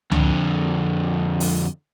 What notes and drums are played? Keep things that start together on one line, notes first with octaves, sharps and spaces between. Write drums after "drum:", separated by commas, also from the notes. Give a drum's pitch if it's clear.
F2 D3, drum: tom C#2
drum: open hi-hat